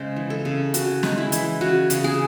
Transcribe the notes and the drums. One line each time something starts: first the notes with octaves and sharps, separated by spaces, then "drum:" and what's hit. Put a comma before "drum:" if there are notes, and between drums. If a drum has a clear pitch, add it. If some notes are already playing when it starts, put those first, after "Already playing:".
Already playing: C#3 G#3 C5
E3
A4
C#3
C#3 F#4, drum: hi-hat
G#3, drum: snare
E4
E3, drum: hi-hat
C#3 F#4
C#3, drum: hi-hat
G#4